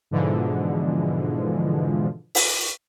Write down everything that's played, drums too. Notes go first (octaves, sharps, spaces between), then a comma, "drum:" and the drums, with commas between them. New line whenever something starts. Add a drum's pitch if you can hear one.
G#2 B2 D3 E3 F3 G#3
drum: open hi-hat